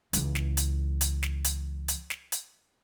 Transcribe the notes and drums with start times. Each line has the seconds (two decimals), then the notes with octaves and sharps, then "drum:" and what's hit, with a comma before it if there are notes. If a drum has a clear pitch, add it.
0.13 C#2 E3, drum: hi-hat
0.35 drum: snare
0.57 drum: hi-hat
1.01 drum: hi-hat
1.23 drum: snare
1.44 drum: hi-hat
1.88 drum: hi-hat
2.10 drum: snare
2.32 drum: hi-hat